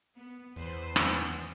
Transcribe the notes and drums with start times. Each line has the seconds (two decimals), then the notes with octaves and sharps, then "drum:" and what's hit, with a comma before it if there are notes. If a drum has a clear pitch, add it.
0.16 B3
0.56 E2 B4 C5
0.96 drum: rim click